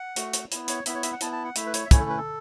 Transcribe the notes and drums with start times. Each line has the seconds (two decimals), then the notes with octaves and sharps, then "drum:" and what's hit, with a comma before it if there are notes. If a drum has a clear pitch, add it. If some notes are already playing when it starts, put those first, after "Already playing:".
Already playing: F#5
0.16 A3 F#4, drum: hi-hat
0.33 drum: hi-hat
0.52 B3 E4, drum: hi-hat
0.68 C#5, drum: hi-hat
0.86 B3 E4 E5, drum: hi-hat
0.94 C#5
1.03 E5, drum: hi-hat
1.13 F#5
1.21 B3 E4 A5, drum: hi-hat
1.32 A5
1.45 F#5
1.56 A3 E4 E5, drum: hi-hat
1.66 B4
1.74 C#5, drum: hi-hat
1.86 E5
1.91 A3 C#4 E4 C#5, drum: kick, hi-hat
2.00 A4
2.10 B4
2.17 A4